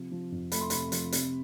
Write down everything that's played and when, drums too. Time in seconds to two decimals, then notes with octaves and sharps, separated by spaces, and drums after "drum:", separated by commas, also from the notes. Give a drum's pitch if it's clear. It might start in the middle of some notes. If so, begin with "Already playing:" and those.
Already playing: C3 F3
0.12 F3
0.32 F2
0.52 A3 B5, drum: hi-hat
0.61 C6
0.70 C3 B5, drum: hi-hat
0.92 F3, drum: hi-hat
1.12 C3, drum: hi-hat